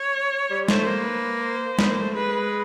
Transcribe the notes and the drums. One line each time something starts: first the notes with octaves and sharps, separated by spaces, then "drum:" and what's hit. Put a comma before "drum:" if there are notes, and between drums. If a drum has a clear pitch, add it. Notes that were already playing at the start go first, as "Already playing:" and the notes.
Already playing: C#5
G3
A3 C5, drum: snare
A#3
B4
C5
B3, drum: snare
A#3
A3
G#3 B4